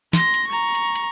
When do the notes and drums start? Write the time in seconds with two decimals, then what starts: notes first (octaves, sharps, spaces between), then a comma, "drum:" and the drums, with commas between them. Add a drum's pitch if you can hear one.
0.13 C6 A#6, drum: snare
0.34 drum: hi-hat
0.47 A#5 C#6
0.75 drum: hi-hat
0.95 drum: hi-hat